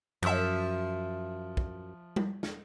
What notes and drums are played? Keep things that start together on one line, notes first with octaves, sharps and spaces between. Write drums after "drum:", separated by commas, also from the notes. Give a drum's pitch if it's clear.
F#2 F3 E5, drum: cymbal
drum: kick
drum: tom G3
drum: snare